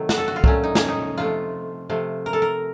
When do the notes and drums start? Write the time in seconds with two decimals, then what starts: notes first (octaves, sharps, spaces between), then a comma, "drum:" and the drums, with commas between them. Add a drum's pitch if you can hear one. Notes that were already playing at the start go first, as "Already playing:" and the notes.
Already playing: C3 D#3 F#3 A3
0.09 F#4, drum: snare
0.18 A4
0.28 F#4
0.36 F4
0.44 A#2 F#3 A3 C#4, drum: kick
0.64 D#4
0.75 C#4, drum: snare
0.88 D#4
1.18 C3 F3 A3 F4
1.90 C3 F3 A3
2.26 A#4
2.33 A4
2.42 A#4